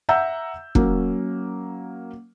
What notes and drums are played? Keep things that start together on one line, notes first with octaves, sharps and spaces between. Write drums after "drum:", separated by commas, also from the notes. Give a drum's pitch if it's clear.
E5 F#5 A#5 E6 G6
F#3 A#3 C#4, drum: kick